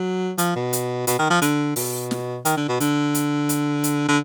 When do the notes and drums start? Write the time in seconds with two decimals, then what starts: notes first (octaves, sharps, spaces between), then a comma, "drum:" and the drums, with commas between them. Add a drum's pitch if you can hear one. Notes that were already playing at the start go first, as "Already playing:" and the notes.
Already playing: F#3
0.38 F3, drum: hi-hat
0.56 B2
0.73 drum: hi-hat
1.07 B2, drum: hi-hat
1.19 D#3
1.30 F3
1.42 D3, drum: hi-hat
1.76 B2, drum: open hi-hat
2.11 drum: snare
2.45 D#3, drum: hi-hat
2.57 D3
2.68 B2
2.80 D3, drum: hi-hat
3.15 drum: hi-hat
3.49 drum: hi-hat
3.84 drum: hi-hat
4.08 D3